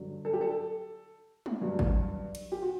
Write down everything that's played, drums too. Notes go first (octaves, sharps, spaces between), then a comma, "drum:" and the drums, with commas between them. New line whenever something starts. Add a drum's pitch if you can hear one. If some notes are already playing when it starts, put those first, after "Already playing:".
Already playing: G2 D3 F#3
A4
G4
A4
drum: tom G3
G2 F#3
drum: kick G#1
drum: cymbal
G4
F#4